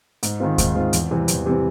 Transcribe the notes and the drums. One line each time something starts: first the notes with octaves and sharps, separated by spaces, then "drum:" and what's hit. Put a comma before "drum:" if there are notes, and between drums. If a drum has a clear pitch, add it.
G#2, drum: hi-hat
D#3 G#3 C4 F4
G#2, drum: kick D#2, hi-hat
D#3 G#3 C4 F4
E2, drum: hi-hat
C3 E3 G3 C4
E2, drum: hi-hat
C3 E3 G3 C4